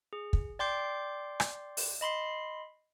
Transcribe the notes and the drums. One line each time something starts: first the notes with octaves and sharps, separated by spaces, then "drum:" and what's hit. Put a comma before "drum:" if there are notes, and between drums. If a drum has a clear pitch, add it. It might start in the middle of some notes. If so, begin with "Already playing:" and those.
G#4
drum: kick
D5 G5 C6 D6 G6 C7
drum: rim click
drum: open hi-hat
D#5 B5 C6 C7